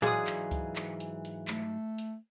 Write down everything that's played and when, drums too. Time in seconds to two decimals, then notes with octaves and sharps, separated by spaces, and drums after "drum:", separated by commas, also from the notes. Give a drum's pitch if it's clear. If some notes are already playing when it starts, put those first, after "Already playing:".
0.02 G#2 E3 F#3 G#4 D5 F5 G#5 D#6, drum: tom A2
0.27 drum: clap
0.51 drum: kick C#2, hi-hat
0.76 drum: clap
1.00 drum: hi-hat
1.25 drum: hi-hat
1.48 A3, drum: clap
1.98 drum: hi-hat